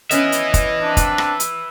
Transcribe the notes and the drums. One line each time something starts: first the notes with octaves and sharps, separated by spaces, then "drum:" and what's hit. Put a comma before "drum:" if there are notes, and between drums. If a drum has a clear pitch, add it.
B3 C#4 B4 D#5 E5, drum: hi-hat
drum: hi-hat
drum: kick, hi-hat
C4 D4
drum: kick, hi-hat
drum: rim click
drum: hi-hat